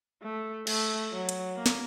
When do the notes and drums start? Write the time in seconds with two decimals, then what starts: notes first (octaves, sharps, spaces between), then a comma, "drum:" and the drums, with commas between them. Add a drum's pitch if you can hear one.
0.22 A3
0.67 A3, drum: cymbal
1.12 F#3
1.29 drum: hi-hat
1.56 A#3
1.66 drum: snare